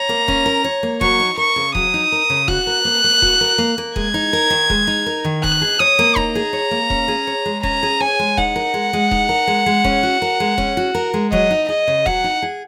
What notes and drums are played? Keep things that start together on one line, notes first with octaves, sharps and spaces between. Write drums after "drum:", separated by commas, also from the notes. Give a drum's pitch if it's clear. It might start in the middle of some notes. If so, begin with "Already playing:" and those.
Already playing: C#5 A#5
A#3
C#4, drum: kick D#1
A#4
C#5
A#3
F#3 C#6, drum: kick D#1
D#4
A#4 C#6
C#3
F#3 D#6, drum: kick D#1
D#4
A#4
C#3
F#4 F#6, drum: kick D#1
A#4
A#3
A#3
F#4, drum: kick D#1
A#4
A#3
A#3
G#3 G#6, drum: kick D#1
D#4
A#4
D#3
G#3, drum: kick D#1
D#4
A#4
D#3
D#4 F#6, drum: kick D#1
G#4
C#5 D#6
A#3
D#4 A#5, drum: kick D#1
G#4
C#5
A#3
C#4, drum: kick D#1
G#4
C#5
G#3
C#4 A#5, drum: kick D#1
G#4
C#5 G#5
G#3
D#4 F#5, drum: kick D#1
A#4
G#3
G#3
D#4, drum: kick D#1
A#4
G#3
G#3
C#4, drum: kick D#1
F#4
A#4
G#3
C#4, drum: kick D#1
F#4
A#4
G#3
F#3 D#5, drum: kick D#1
D#4
G#4 D#5
C#3
F#3 F#5, drum: kick D#1
D#4
G#4